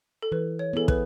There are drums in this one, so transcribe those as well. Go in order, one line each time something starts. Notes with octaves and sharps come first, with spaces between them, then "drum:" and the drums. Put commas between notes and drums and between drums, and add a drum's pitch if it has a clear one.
A4
E3 B4
C#5
B3 E4 G#4 A4
B4, drum: kick